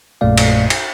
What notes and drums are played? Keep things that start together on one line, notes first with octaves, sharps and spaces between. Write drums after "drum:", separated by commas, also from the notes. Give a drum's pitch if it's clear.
A#1 F#2 A#2 A3 D5 F5
drum: cymbal
drum: cymbal